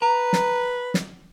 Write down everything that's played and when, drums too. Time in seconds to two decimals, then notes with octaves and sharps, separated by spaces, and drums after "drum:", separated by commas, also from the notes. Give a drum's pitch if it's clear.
0.02 B4 A#5
0.33 drum: snare
0.94 drum: snare